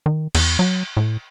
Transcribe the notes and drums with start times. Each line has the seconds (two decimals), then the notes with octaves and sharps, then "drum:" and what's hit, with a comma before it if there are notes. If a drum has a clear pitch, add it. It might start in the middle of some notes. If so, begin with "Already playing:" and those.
0.06 D#3
0.35 E2, drum: cymbal
0.59 F#3
0.97 A2